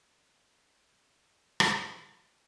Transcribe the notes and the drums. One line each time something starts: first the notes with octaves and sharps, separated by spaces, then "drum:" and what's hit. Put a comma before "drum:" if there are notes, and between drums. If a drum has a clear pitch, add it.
B3 D4 E4 A4 A#4 C5
A4
drum: rim click
E4 F#4 G4 A#4 E5 D6